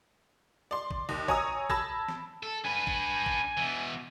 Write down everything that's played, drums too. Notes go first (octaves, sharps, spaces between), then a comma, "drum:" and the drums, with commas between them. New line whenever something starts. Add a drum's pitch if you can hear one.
D5 C6
drum: kick
D#2
C#5 G#5 A#5 D#6 E6, drum: kick
A5 B5 E6 G#6 A#6, drum: kick
drum: snare
A4
D4 B4 G#5
drum: kick
drum: kick
B2 E3